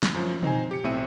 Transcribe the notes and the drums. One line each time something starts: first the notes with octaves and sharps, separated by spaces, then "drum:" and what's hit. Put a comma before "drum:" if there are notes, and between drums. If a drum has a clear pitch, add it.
drum: snare
F#2 F3 F#3
C4 D#4 C5 G#5, drum: tom
G4 C#7
B1 A2 C4 E5 D#7